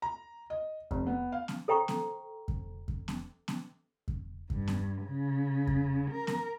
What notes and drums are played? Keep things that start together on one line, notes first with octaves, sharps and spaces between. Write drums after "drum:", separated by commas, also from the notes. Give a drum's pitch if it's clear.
A#5
D#5
F1, drum: kick F2
B3
F5
drum: snare B3
A4 C5 G5 A#5 C#6
drum: snare B3
drum: kick F2
drum: kick F2
drum: snare B3
drum: snare B3
drum: kick F2
G2, drum: kick F2
drum: snare B3
C#3
drum: kick F2
A#4
drum: snare B3